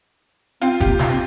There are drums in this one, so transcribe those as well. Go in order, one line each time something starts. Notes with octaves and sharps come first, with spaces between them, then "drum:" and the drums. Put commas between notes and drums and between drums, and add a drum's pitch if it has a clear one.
C4 F4, drum: hi-hat
G4, drum: kick, hi-hat
A#3
F4, drum: snare
C4